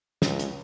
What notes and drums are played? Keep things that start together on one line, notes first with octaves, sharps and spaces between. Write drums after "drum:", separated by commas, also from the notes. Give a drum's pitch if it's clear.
C#2, drum: snare
drum: hi-hat